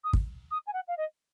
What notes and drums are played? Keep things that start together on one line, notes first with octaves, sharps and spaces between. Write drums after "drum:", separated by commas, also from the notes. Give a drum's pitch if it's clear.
D#6
drum: kick
D#6
G#5
F#5
F5
D#5